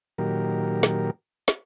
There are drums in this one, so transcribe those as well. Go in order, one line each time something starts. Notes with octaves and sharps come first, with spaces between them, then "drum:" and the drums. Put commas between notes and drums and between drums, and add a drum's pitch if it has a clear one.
A#2 D#3 F#3 G4 A#4
drum: snare
drum: snare